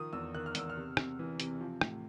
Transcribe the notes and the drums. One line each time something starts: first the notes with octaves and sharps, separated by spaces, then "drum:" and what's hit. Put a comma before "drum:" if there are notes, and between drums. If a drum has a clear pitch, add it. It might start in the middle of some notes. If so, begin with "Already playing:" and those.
Already playing: D#3 F3 D#6
E2 E6
D#3 F#6
F6
E2 E6, drum: hi-hat
F6
C3
C3, drum: rim click
E3
C3, drum: hi-hat
F3
A2, drum: rim click